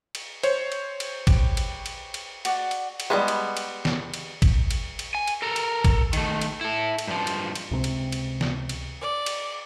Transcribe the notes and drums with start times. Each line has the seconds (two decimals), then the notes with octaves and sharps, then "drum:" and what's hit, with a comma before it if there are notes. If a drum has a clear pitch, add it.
0.15 drum: cymbal
0.43 C5 C#5, drum: cymbal
0.72 drum: cymbal
1.00 drum: cymbal
1.27 G4 B4, drum: kick, cymbal
1.57 drum: cymbal
1.86 drum: cymbal
2.14 drum: cymbal
2.45 F#4 D5 F#5, drum: cymbal
2.71 drum: cymbal
3.00 drum: cymbal
3.10 G3 G#3 A#3 B3 G#4
3.28 drum: cymbal
3.57 drum: cymbal
3.85 drum: snare
4.14 drum: cymbal
4.42 drum: kick, cymbal
4.71 drum: cymbal
4.99 drum: cymbal
5.15 G#5
5.28 drum: cymbal
5.42 A4 A#4
5.56 drum: cymbal
5.84 drum: kick, cymbal
6.13 D#3 A3, drum: cymbal
6.41 drum: cymbal
6.61 E4 A4
6.98 drum: cymbal
7.07 G2 F3
7.27 drum: cymbal
7.55 drum: cymbal
7.71 C#2 C3 A3 C4
7.84 drum: cymbal
8.12 drum: cymbal
8.41 drum: snare
8.69 drum: cymbal
9.01 D5
9.26 drum: cymbal